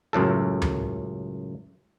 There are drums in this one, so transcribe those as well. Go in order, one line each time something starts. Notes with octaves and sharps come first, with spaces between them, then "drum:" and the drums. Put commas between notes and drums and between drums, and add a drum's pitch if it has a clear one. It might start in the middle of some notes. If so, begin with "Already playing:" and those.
C#2 F#2 A2 A4
drum: tom D2